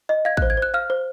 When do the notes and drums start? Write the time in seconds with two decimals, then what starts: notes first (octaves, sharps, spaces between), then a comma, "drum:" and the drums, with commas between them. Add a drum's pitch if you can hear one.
0.09 D#5
0.25 F5 G#6
0.37 F#6, drum: kick
0.42 C5
0.50 G#6
0.57 C5
0.62 F#6
0.74 F5 F6
0.90 C5